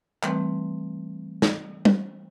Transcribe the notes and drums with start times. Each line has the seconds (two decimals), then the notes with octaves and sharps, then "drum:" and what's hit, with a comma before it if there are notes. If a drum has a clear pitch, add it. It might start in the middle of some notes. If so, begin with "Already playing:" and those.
0.23 E3 G3 A3 C4 B4, drum: clap
1.42 drum: snare
1.85 drum: tom G3